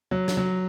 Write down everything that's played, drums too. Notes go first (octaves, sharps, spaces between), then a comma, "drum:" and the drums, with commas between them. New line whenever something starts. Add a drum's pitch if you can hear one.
F#3
drum: snare
F#3